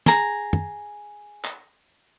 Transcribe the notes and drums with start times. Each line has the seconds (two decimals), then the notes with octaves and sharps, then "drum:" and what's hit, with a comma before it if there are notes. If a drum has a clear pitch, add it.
0.06 G#4 A#5, drum: snare
0.53 drum: tom
1.44 drum: clap